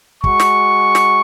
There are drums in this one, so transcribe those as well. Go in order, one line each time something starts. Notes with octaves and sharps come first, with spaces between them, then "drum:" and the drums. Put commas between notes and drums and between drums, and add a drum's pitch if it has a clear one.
G#3 F#4 C#6, drum: kick
drum: snare
drum: snare